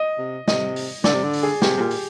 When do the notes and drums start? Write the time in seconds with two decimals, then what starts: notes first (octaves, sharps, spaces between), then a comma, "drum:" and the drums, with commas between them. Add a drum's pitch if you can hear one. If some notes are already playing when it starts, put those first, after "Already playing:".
Already playing: D#5
0.18 C3
0.48 C3 D#5, drum: snare
0.76 drum: open hi-hat
1.04 D3 D5, drum: snare
1.14 C3
1.24 D3
1.33 drum: open hi-hat
1.43 G#4
1.62 C3 G4, drum: snare
1.77 C3
1.81 A#2
1.91 drum: open hi-hat